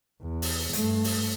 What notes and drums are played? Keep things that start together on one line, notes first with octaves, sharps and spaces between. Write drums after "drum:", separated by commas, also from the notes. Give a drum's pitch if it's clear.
E2
drum: open hi-hat
G2 A3, drum: hi-hat
drum: open hi-hat